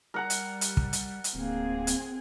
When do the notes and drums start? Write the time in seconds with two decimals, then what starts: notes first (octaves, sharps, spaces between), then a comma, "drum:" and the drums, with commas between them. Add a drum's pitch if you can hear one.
0.14 G3 A#4 F#5 A#5
0.30 drum: hi-hat
0.61 drum: hi-hat
0.77 drum: kick
0.93 drum: hi-hat
1.24 drum: hi-hat
1.35 D1 A#3 C4 G#4
1.87 drum: hi-hat